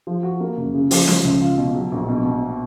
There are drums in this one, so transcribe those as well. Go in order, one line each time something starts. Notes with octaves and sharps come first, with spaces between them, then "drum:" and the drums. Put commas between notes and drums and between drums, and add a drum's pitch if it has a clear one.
F3
F#4
A#3
F#1
C#3
F3, drum: open hi-hat
C#3, drum: snare
C#2
F4
B2
F#3
A#1
B2
B2